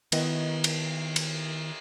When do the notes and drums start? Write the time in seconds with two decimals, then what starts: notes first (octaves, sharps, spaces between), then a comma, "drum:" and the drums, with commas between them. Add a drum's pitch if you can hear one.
0.12 D#3 B3 E4 D#5, drum: cymbal
0.64 drum: cymbal
1.16 drum: cymbal